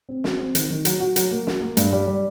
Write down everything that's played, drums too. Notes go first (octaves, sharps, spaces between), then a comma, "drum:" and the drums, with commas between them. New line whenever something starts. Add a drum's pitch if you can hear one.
C4
F#4, drum: snare
C4
D#3, drum: hi-hat
D#3
F#3, drum: hi-hat
F#4
F#3, drum: hi-hat
A#3
F#4, drum: snare
A#3
G2, drum: hi-hat
G3
G3